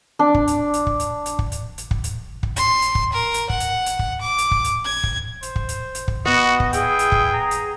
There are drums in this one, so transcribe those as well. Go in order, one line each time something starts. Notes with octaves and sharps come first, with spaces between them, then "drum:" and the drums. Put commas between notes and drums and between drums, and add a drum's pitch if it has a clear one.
D4
drum: kick
drum: hi-hat
drum: hi-hat
drum: kick
drum: hi-hat
drum: hi-hat
drum: kick
drum: hi-hat
drum: hi-hat
drum: kick
drum: hi-hat
drum: kick
C6, drum: hi-hat
drum: hi-hat
drum: kick
A#4
drum: hi-hat
F#5, drum: kick
drum: hi-hat
drum: hi-hat
drum: kick
D6
drum: hi-hat
drum: kick
drum: hi-hat
G#6
drum: kick
C5, drum: hi-hat
drum: kick
drum: hi-hat
drum: hi-hat
drum: kick
B3 F#4 D#5
drum: kick
E4 G#4 G5, drum: hi-hat
drum: hi-hat
drum: kick
A#5
drum: hi-hat